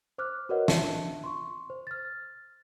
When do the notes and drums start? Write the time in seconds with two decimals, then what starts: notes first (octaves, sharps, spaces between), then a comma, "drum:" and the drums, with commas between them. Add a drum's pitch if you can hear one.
0.18 C5 D6 F6 F#6
0.49 F#4 A#4 B4 C#5 D#5 F#5
0.68 D4 F4 E5 A5 C#7, drum: snare
1.24 C6 C#6
1.70 C5
1.87 F6 A6